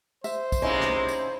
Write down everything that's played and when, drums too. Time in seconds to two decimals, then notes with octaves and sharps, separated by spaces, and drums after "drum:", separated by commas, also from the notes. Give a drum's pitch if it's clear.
0.24 C5 E5, drum: tambourine
0.52 drum: kick B1, tambourine
0.62 C3 G#3 A#3 C#4 D#4 E4
0.80 drum: snare
1.08 drum: tambourine